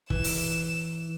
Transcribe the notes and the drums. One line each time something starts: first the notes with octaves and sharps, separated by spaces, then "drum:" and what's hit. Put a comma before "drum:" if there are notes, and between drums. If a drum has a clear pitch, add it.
E3 E7, drum: kick
drum: open hi-hat